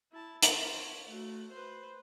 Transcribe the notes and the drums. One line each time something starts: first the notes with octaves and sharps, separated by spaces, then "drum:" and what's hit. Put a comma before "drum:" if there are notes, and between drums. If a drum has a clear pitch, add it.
E4 A5
F4 A#4, drum: hi-hat
C#5
A3 F#4
B4 C5